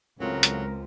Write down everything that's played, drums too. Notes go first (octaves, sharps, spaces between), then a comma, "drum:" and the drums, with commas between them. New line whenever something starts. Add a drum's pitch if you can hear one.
C#2 A2 C#3 F#3 C4 F4 A#4
drum: hi-hat